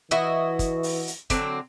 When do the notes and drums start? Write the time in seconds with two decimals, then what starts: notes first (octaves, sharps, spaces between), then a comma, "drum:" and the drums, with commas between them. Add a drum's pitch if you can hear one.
0.11 E3 E4 F#4 D#5
0.59 drum: kick, hi-hat
0.83 drum: open hi-hat
1.07 drum: hi-hat
1.30 D3 F#3 C4, drum: kick, hi-hat